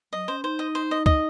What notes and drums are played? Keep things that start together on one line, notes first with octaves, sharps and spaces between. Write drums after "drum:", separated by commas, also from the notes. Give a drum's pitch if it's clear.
F#3 D#5
C#4 C5
D#4 C5
D#5
C5
D#5
D#5, drum: kick C#2